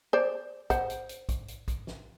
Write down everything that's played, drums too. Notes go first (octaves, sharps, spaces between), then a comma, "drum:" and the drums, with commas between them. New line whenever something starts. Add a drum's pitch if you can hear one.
C5 D5
C5 F#5, drum: kick A#1, hi-hat
drum: hi-hat
drum: hi-hat
drum: kick A#1, hi-hat
drum: hi-hat
drum: kick A#1, hi-hat
drum: snare